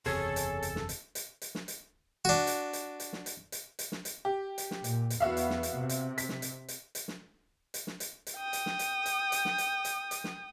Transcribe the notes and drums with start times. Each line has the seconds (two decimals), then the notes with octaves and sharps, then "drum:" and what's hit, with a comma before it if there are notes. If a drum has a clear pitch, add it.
0.06 F#1 E2 C3 G#4 A4 C#5
0.36 drum: hi-hat
0.62 drum: hi-hat
0.76 drum: snare
0.89 drum: hi-hat
1.15 drum: hi-hat
1.42 drum: hi-hat
1.55 drum: snare
1.68 drum: hi-hat
2.25 D4 F#4
2.47 drum: hi-hat
2.73 drum: hi-hat
3.00 drum: hi-hat
3.13 drum: snare
3.26 drum: hi-hat
3.52 drum: hi-hat
3.79 drum: hi-hat
3.92 drum: snare
4.05 drum: hi-hat
4.25 G4
4.58 drum: hi-hat
4.71 drum: snare
4.84 A#2, drum: hi-hat
5.10 drum: hi-hat
5.20 E2 B3 F#4 E5 F5
5.37 drum: hi-hat
5.50 drum: snare
5.63 drum: hi-hat
5.78 C3
5.89 drum: hi-hat
6.18 B6, drum: hi-hat
6.29 drum: snare
6.42 drum: hi-hat
6.68 drum: hi-hat
6.95 drum: hi-hat
7.08 drum: snare
7.74 drum: hi-hat
7.87 drum: snare
8.00 drum: hi-hat
8.27 drum: hi-hat
8.37 G5 D#6
8.53 drum: hi-hat
8.66 drum: snare
8.79 drum: hi-hat
9.06 drum: hi-hat
9.32 drum: hi-hat
9.45 drum: snare
9.58 drum: hi-hat
9.85 drum: hi-hat
10.11 drum: hi-hat
10.24 drum: snare